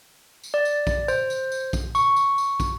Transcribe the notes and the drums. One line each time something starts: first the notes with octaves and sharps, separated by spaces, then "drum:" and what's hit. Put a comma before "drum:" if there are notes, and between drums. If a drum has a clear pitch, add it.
drum: tambourine
D5
drum: tambourine
drum: kick, tambourine
C5, drum: tambourine
drum: tambourine
drum: tambourine
drum: kick, tambourine
C#6, drum: tambourine
drum: tambourine
drum: tambourine
drum: kick, tambourine